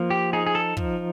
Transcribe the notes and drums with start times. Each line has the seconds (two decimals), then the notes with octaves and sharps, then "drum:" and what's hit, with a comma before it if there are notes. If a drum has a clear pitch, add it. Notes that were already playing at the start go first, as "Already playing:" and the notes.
Already playing: F3 A#3
0.10 G4
0.33 D#4 G#4
0.47 G#4
0.55 A4
0.77 F3, drum: kick